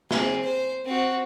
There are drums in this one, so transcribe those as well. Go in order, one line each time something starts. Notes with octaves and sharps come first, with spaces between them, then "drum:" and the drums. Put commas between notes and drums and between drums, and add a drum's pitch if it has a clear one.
C4 G#4, drum: snare
C5
C4 F#4